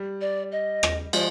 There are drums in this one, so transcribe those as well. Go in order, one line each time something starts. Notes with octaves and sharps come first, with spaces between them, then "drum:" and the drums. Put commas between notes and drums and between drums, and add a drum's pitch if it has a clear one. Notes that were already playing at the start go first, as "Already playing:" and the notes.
Already playing: G3
D5
D#5
drum: rim click
F3 G#3 D5, drum: cymbal